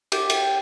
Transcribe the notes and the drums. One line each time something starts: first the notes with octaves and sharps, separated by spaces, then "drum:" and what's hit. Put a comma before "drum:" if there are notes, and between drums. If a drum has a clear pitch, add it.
G4, drum: cymbal
drum: cymbal